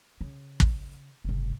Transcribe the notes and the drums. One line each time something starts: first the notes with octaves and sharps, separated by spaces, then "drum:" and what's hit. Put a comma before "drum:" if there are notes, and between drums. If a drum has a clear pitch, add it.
C#3
drum: kick
F#1 G#2 C3